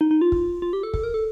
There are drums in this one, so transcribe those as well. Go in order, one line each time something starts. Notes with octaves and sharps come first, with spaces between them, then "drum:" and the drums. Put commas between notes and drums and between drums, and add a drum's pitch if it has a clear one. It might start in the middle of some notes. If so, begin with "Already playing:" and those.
D#4
D#4
F4
drum: kick
F4
G4
A4
A4, drum: kick
A#4
A4